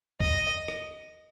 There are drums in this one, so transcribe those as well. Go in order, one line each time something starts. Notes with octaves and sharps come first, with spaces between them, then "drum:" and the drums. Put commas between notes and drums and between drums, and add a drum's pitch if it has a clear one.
D#5, drum: kick
drum: rim click